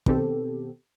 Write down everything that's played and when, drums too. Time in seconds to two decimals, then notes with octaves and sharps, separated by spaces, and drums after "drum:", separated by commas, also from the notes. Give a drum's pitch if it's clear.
0.06 B2 D#3 B3 C4 G4 A4, drum: kick